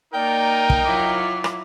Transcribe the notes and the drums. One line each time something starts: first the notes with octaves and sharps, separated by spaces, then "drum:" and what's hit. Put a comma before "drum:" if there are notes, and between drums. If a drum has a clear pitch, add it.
A#3 D#4 A#4 D5 G5
drum: kick
F#3 E4 F4 D6
drum: rim click